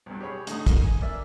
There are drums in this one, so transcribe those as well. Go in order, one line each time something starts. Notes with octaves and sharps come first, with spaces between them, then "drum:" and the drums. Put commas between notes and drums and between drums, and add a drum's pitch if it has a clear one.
B1 G2
G4 G#4 C#5 B5
A2 D3 D#4 D#6, drum: hi-hat
A#3, drum: kick, hi-hat
G#5
A#4 D5 E5